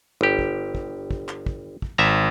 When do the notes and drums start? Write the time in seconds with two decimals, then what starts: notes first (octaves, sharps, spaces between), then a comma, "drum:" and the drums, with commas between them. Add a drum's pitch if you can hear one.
0.21 G1 G4
0.39 drum: kick
0.75 drum: kick
1.11 drum: kick
1.29 drum: clap
1.46 drum: kick
1.82 drum: kick
1.98 G#1 E5 A#5